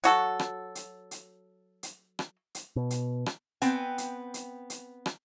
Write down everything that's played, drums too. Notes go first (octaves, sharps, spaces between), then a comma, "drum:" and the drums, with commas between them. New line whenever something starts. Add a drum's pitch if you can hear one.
F#3 F#4 A4, drum: hi-hat
drum: rim click
drum: hi-hat
drum: hi-hat
drum: hi-hat
drum: rim click
drum: hi-hat
B2
drum: hi-hat
drum: rim click
B3 C4 G5 G#5, drum: hi-hat
drum: hi-hat
drum: hi-hat
drum: hi-hat
drum: rim click